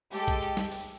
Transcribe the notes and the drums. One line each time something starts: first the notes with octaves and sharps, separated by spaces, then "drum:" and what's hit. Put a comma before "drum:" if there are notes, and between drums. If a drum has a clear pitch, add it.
G#3 G4 A4, drum: open hi-hat
drum: kick, hi-hat
drum: hi-hat
drum: snare
drum: open hi-hat